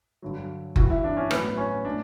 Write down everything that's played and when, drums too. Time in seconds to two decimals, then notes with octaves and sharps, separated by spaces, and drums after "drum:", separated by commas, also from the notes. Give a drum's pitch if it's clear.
0.22 G2 D3 F#3
0.76 G2 E3 G3 F#4, drum: kick F#1
0.90 E4
1.04 D4
1.17 C#4
1.31 A2 F#3 B3, drum: rim click
1.57 C#4
1.85 A2 D4